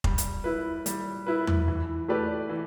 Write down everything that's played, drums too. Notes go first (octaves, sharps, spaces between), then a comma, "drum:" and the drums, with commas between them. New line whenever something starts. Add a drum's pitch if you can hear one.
G3, drum: kick F1
drum: hi-hat
E4 B4
G3, drum: hi-hat
E4 B4
drum: tom E2
E3
A3 G4 B4 D5
E3